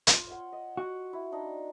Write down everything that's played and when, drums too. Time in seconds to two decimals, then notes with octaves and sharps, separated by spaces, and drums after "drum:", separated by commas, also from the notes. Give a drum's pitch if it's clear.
0.07 F4, drum: hi-hat
0.27 C#5 F#5 C6
0.52 D#5
0.77 F#4
1.13 E4
1.32 D4 D#4